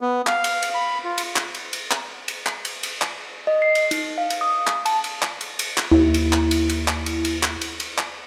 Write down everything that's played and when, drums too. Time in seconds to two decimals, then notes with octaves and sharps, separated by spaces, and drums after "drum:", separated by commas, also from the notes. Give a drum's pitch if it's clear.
0.01 B3
0.27 F5, drum: clap
0.44 drum: cymbal
0.62 drum: cymbal
0.74 B5
1.04 F4
1.18 drum: cymbal
1.36 drum: clap
1.54 drum: cymbal
1.73 drum: cymbal
1.91 drum: clap
2.28 drum: cymbal
2.46 drum: clap
2.65 drum: cymbal
2.83 drum: cymbal
3.02 drum: clap
3.47 D#5
3.62 C7
3.75 drum: cymbal
3.91 D#4, drum: cymbal
4.18 F5
4.30 drum: cymbal
4.41 D#6
4.67 drum: clap
4.86 A5, drum: cymbal
5.04 drum: cymbal
5.22 drum: clap
5.41 drum: cymbal
5.59 drum: cymbal
5.77 drum: clap
5.91 D#2 E4
6.14 drum: cymbal
6.33 drum: clap
6.51 drum: cymbal
6.69 drum: cymbal
6.88 drum: clap
7.06 drum: cymbal
7.25 drum: cymbal
7.43 drum: clap
7.61 drum: cymbal
7.80 drum: cymbal
7.98 drum: clap